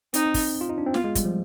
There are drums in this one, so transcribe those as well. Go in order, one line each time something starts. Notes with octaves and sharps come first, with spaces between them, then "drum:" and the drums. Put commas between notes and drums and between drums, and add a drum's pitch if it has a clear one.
C4 D#4, drum: hi-hat
drum: kick, open hi-hat
F4
D#4
D4
C4
B3 F4, drum: snare
G#3
G3, drum: kick, hi-hat
F3